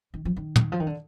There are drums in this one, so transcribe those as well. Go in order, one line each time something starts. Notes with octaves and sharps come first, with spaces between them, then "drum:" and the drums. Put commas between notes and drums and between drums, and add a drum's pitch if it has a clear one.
D#3
F3
D#3
drum: tom
F3
D#3
D3